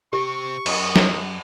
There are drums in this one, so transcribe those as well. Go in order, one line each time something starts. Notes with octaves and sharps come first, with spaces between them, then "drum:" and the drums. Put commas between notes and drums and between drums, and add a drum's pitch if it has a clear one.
C3 C4 G4 C#6
F#2 A#4 D#5, drum: cymbal
drum: snare